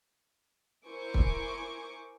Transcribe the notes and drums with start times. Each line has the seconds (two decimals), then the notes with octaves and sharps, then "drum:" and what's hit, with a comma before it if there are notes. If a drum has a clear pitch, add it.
0.87 E4 A#4 C5 G#5 C#6 D6
1.14 drum: kick